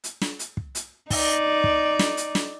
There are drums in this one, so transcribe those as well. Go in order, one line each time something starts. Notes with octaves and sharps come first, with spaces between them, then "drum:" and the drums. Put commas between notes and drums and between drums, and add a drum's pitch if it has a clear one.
drum: hi-hat
drum: snare
drum: hi-hat
drum: kick
drum: hi-hat
D#4 D5, drum: kick, open hi-hat
drum: kick
drum: snare
drum: hi-hat
drum: snare